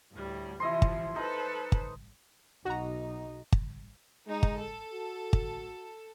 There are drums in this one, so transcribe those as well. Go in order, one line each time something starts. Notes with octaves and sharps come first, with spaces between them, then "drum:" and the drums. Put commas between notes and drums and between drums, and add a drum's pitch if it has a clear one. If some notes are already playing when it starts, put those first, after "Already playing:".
D2 A2 G3
C3 E3 F3 E4 D#5 C6
drum: kick
D#4 A4 B4 C5
drum: kick
B1 D#4 F#4 A#5
drum: kick
G#3 D#4
drum: kick
A4
F#4
drum: kick